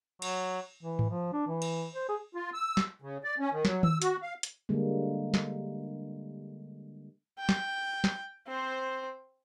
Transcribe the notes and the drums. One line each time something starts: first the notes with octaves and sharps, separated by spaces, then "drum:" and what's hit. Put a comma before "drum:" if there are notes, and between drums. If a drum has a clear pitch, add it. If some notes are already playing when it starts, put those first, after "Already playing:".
F#3, drum: cymbal
E3
drum: tom G#2
F3
D4
E3
drum: cymbal
C5
G#4
F4
E6
drum: snare
C#3
D5
C#4
D#3
F#3, drum: snare
E6, drum: tom D#3
F#4, drum: hi-hat
F5
drum: hi-hat
D3 G3 G#3 A#3
drum: snare
G5
drum: snare
drum: snare
C4 C5